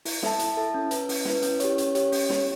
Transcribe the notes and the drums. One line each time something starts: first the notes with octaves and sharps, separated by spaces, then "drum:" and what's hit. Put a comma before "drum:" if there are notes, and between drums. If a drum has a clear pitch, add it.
E4, drum: open hi-hat
A4 E5 A5, drum: snare
E4, drum: hi-hat
A4 E5 A5
C#4
E4 B4, drum: hi-hat
C#4, drum: open hi-hat
E4 B4, drum: snare
C#4, drum: hi-hat
G4 C#5, drum: hi-hat
C#4, drum: hi-hat
G4 C#5, drum: hi-hat
C#4, drum: open hi-hat
G4 C#5, drum: snare